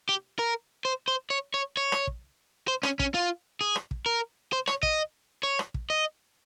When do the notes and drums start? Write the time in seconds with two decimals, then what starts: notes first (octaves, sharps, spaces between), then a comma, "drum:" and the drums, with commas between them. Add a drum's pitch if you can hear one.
0.09 G4
0.39 A#4
0.85 C5
1.08 C5
1.30 C#5
1.54 C#5
1.77 C#5
1.92 drum: rim click
2.07 drum: kick
2.68 C5
2.83 C#4, drum: rim click
2.99 C#4, drum: kick
3.14 F4
3.61 G#4
3.76 drum: rim click
3.91 drum: kick
4.06 A#4
4.53 C5
4.68 C#5, drum: rim click
4.83 D#5, drum: kick
5.43 C#5
5.59 drum: rim click
5.74 drum: kick
5.90 D#5